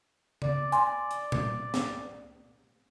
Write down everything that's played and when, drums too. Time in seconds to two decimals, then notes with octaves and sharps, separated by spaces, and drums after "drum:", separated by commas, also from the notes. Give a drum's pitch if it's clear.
0.42 D5, drum: tom C#3
0.72 G#5 C6, drum: hi-hat
1.11 drum: hi-hat
1.32 drum: tom A#2
1.74 drum: snare